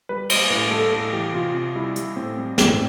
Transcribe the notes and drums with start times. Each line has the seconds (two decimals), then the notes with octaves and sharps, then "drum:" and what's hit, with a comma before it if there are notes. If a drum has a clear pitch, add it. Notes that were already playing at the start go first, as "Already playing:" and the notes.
0.09 G3 B4
0.30 G3 C5, drum: cymbal
0.50 A2 B4
0.71 G3 A4
0.92 A2 A4
1.13 E3 G4
1.34 C3 F4
1.54 C3
1.75 G3 E4
1.96 G3, drum: hi-hat
2.16 A2 C4
2.38 G3
2.58 A2 C4, drum: snare